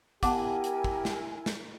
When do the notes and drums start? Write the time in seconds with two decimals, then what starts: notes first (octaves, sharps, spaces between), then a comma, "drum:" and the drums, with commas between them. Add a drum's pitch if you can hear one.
0.23 B3 E4 G4 A#4 F#5 G#5 A5 D6, drum: kick, hi-hat
0.64 drum: hi-hat
0.84 drum: kick
1.05 drum: snare
1.46 drum: snare